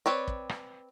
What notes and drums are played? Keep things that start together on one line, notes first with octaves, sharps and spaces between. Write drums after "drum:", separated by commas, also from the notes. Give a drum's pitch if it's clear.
C4 B4 C#5 D5
drum: kick
drum: rim click